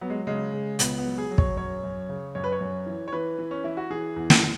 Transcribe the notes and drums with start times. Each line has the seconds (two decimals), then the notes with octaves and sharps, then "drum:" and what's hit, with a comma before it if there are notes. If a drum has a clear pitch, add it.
0.01 F#3 B3
0.10 G#3
0.27 C#3 G#3
0.54 C#3
0.79 C#2 B3, drum: hi-hat
0.98 B3
1.05 F#3
1.18 G#4
1.31 F#3
1.38 C#5, drum: kick
1.57 F#2 C#5
1.83 F#2
2.09 C#3
2.35 F#2 C#5
2.44 B4
2.52 C#5
2.61 F#2
2.86 E3
3.08 C#5
3.13 E3 B4
3.38 E3
3.51 C#4
3.64 E3 E4
3.77 F#4
3.90 E3 G#4
4.16 E2
4.30 drum: snare